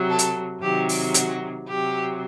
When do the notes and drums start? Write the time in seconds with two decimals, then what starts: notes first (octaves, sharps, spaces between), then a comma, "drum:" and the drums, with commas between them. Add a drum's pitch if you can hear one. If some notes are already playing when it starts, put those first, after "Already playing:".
Already playing: C3 F#3
0.09 A4
0.19 drum: hi-hat
0.61 C3 D#3 F#3 G4
0.89 drum: open hi-hat
1.14 F#4, drum: hi-hat
1.67 C3 F#3 G4